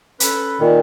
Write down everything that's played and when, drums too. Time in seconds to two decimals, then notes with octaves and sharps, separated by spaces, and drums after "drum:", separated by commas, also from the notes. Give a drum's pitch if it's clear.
0.20 C#4 A4 B4, drum: hi-hat
0.60 A#2 D#3